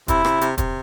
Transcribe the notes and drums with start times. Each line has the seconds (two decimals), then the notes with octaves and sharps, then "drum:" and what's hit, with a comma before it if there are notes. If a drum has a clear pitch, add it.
0.08 C3 E4, drum: kick, hi-hat
0.25 C3, drum: rim click
0.41 C3, drum: hi-hat
0.58 C3, drum: kick, hi-hat